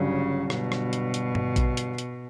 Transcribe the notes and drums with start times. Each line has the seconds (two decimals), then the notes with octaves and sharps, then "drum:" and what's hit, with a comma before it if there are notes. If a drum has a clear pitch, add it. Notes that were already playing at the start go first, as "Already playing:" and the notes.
Already playing: G1 G2 C#3 F#3
0.50 B2, drum: rim click
0.72 drum: rim click
0.93 drum: hi-hat
1.14 drum: hi-hat
1.35 drum: tom G2
1.56 drum: kick A#1, hi-hat
1.77 drum: hi-hat
1.98 drum: hi-hat